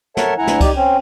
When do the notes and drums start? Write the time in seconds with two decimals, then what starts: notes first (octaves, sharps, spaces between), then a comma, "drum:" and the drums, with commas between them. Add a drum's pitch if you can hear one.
0.17 A4 A#4 C#5 E5 F#5 A5, drum: snare
0.38 D2 E4 F#5 G#5 A#5
0.47 drum: snare
0.61 D#4 G4 D5, drum: kick C2, cymbal
0.75 C4 C#4